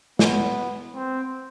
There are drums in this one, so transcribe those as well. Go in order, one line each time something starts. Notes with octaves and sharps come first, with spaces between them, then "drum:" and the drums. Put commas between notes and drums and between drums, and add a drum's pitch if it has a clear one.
B3, drum: snare
C4